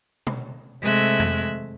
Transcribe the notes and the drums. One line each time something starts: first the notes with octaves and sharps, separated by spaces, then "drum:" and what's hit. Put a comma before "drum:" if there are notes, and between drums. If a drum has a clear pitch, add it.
drum: tom B2
C3 G#3 A3 E5 F#6
drum: tom F2